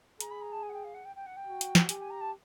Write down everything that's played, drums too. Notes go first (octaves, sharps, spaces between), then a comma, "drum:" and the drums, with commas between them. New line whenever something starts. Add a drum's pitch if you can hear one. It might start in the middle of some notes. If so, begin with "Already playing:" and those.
G#4 A#5, drum: hi-hat
B5
A#5
A5
G#5
F#5
G5
F5
F#5
G5
G5
F#5
G5
F#4
drum: hi-hat
drum: snare
G4 G#5, drum: hi-hat
G#5
A#5
A5